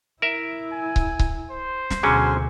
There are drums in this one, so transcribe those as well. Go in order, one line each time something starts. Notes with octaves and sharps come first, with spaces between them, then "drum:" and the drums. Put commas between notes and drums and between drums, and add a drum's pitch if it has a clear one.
E4 A#4 E5
G#5
drum: kick C#1
drum: kick C#1
C5
drum: snare
D2 B2 D3 F#3 C#4 G#4